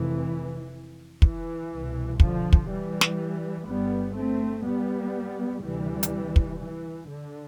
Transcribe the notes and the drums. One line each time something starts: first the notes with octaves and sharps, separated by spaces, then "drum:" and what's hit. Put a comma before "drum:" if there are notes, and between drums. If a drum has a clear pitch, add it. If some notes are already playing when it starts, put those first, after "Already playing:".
Already playing: F1 F2 C3 E3
E3, drum: kick
C2 B2
D3 F3, drum: kick
drum: kick
E3 G3
drum: snare
G1 G2 G3 B3
A3 C4
G3 B3
D2 C3 E3 G3
drum: hi-hat
drum: kick
E3
D3